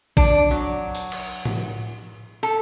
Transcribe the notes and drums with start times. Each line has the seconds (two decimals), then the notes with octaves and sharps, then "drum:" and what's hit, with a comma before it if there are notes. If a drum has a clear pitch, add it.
0.17 D4, drum: kick A1
0.51 F#3
0.95 drum: open hi-hat
1.12 drum: cymbal
1.45 drum: tom A2
2.43 A4